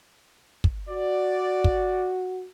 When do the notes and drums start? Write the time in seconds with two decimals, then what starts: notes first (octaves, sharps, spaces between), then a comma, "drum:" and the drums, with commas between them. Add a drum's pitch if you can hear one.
0.64 drum: kick
0.89 F#4 D5
1.64 drum: kick